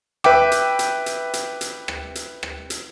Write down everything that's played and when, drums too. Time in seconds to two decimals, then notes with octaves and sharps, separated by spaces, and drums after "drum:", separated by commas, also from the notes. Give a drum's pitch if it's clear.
0.24 B4 E5 G5 D6, drum: rim click
0.52 drum: hi-hat
0.79 drum: hi-hat
1.06 drum: hi-hat
1.33 drum: hi-hat
1.61 drum: hi-hat
1.88 drum: rim click
2.15 drum: hi-hat
2.43 drum: rim click
2.70 drum: hi-hat